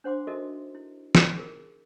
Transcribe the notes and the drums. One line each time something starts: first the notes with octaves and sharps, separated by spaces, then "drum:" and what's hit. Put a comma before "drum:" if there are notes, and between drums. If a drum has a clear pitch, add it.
D4 C5 F#5 C6 D6
D#4 F#4 A4 A#4 D#5 E5
E4
drum: snare
G#4 A#4